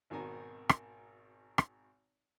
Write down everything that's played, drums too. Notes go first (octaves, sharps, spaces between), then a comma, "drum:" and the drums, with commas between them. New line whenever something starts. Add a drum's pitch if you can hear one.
G#1 B2 D#3 C4 G#5 A#5
drum: rim click
drum: rim click